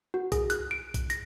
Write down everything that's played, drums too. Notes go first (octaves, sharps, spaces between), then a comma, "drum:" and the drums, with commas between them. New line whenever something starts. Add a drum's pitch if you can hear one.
F#4
G#4, drum: kick B1, hi-hat
F#6, drum: hi-hat
D7
drum: kick B1, hi-hat
A#6, drum: hi-hat